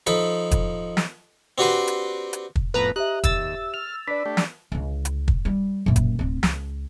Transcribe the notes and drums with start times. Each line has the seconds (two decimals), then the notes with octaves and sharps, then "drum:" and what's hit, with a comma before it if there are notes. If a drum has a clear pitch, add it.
0.07 F3 D#4 A4 B5, drum: hi-hat
0.51 drum: kick, hi-hat
0.97 drum: snare
1.58 C4 D4 F#4 G4 B4 C5
1.87 drum: hi-hat
2.33 drum: hi-hat
2.56 drum: kick
2.74 F2 A2 B3 B4 A#5
2.96 G4 C5 D#5 E5 A#5 F#6
3.24 D#2 E6 A6, drum: kick, hi-hat
3.74 F6 F7
4.08 D4 B4 D5 B6
4.25 A3 D4 G4
4.37 drum: snare
4.72 C#2 D3
5.05 drum: hi-hat
5.28 drum: kick
5.45 G3
5.86 F#2 A#2
5.96 drum: kick, hi-hat
6.19 D1 C4
6.43 C#2, drum: snare